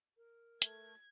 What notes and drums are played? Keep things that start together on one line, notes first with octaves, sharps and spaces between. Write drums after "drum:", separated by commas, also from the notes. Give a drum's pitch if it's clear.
A#4
A3 G#6, drum: hi-hat